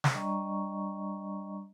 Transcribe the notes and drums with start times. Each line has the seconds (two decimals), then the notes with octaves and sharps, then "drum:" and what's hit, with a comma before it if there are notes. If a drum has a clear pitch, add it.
0.04 drum: snare
0.14 G3 D4 D5 D#5 A#5 C#6